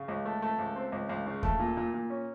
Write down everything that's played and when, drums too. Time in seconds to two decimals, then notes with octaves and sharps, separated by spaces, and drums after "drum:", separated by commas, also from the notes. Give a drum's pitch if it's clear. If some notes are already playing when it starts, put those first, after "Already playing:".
Already playing: C#3
0.08 C#2
0.25 A3
0.42 A3
0.59 C#2
0.75 C4
0.92 C#2
1.09 C#2
1.26 C#3
1.43 A3, drum: kick D#2
1.59 A#2
1.77 A#2
1.94 A#2
2.10 C#4